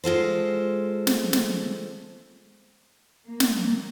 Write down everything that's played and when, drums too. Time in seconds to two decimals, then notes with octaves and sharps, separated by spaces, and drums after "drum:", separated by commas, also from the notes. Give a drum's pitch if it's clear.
0.04 G#3 F4 A4 C5
1.07 drum: snare
1.33 drum: snare
3.27 A#3
3.40 drum: snare